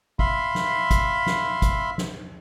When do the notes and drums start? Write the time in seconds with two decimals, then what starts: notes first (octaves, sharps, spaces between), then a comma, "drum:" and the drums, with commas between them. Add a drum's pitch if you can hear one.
0.19 E5 F5 B5 C6, drum: kick
0.55 drum: snare
0.91 drum: kick, hi-hat
1.26 drum: snare
1.62 drum: kick, hi-hat
1.98 drum: snare